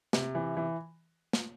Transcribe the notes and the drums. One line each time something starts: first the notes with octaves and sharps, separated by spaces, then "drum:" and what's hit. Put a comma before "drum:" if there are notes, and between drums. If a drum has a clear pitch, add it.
C3, drum: snare
E3
E3
drum: snare